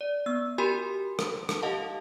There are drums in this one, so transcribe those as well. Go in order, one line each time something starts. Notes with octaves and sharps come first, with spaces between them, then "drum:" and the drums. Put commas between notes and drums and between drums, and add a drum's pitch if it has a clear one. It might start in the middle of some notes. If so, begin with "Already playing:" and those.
D5
B3 E6
F#4 G4 A#4 G#5 B5 C6
drum: rim click
drum: rim click
G4 D#5 F5 F#5 A5